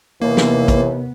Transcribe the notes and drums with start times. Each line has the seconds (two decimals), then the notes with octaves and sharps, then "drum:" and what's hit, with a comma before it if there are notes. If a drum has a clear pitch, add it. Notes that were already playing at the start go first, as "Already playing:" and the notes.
0.22 D#2 C3 E3 A#3 B3
0.37 drum: snare
0.68 drum: kick, hi-hat